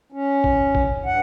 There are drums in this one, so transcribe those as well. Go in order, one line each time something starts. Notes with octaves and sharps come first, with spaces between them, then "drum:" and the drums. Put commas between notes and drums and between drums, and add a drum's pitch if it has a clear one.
C#4
drum: kick
drum: kick
G2 F#5